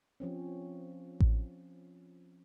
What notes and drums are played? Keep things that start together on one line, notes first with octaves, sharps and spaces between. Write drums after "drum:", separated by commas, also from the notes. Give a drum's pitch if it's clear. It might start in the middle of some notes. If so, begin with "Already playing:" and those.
F3 C4 C#4
drum: kick A1